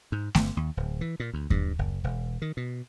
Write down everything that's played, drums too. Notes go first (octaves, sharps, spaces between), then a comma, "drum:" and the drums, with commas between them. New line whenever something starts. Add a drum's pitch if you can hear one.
G#2
G1, drum: snare A3
D#2
D1
E3
A#2
D2
G2, drum: kick D#2
F#1
E1
D#3
B2